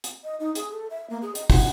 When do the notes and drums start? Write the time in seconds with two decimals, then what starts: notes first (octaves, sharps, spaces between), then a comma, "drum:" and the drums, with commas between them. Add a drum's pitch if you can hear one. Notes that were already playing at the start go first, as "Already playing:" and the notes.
0.04 drum: hi-hat
0.24 D#5
0.40 D#4
0.55 G#4, drum: hi-hat
0.72 A4
0.90 E5
1.10 A#3
1.22 G#4
1.35 D#5, drum: hi-hat
1.50 F#5, drum: kick, open hi-hat